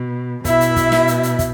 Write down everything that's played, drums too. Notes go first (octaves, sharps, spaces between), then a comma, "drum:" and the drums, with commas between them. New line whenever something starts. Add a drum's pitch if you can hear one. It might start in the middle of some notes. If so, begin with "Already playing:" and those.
Already playing: B2
B2 E4 E5, drum: kick, hi-hat
drum: hi-hat
drum: kick, hi-hat
drum: snare
drum: hi-hat
drum: hi-hat
drum: kick, hi-hat